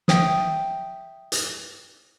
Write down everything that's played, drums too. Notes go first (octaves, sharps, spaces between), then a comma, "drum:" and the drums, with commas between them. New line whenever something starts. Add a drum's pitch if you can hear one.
E5 G5 D#6, drum: snare
drum: hi-hat